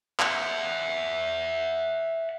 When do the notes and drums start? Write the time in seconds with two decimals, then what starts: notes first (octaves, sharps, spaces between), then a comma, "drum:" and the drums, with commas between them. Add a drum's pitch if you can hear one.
0.20 E5 F#5, drum: clap